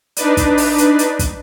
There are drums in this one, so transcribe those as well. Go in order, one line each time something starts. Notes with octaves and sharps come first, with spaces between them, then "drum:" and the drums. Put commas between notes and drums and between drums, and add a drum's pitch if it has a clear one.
D4 D#4 B4 D5, drum: hi-hat
drum: kick, hi-hat
drum: open hi-hat
drum: hi-hat
drum: hi-hat
drum: kick, hi-hat